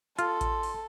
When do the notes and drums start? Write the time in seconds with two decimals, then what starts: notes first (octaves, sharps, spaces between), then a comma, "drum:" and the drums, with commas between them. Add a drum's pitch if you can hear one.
0.19 F4 A4 C6, drum: hi-hat
0.41 drum: kick A1, hi-hat
0.63 drum: open hi-hat